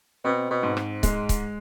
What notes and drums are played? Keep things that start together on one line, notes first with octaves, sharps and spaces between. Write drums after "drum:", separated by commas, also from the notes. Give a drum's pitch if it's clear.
B2 C4
B2
G#2
drum: rim click
G#3, drum: kick C#1, hi-hat
drum: kick C#1, hi-hat